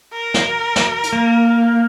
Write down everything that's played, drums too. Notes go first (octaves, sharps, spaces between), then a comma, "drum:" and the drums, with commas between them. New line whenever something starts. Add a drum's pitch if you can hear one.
A#4
drum: snare
drum: snare
drum: hi-hat
A#3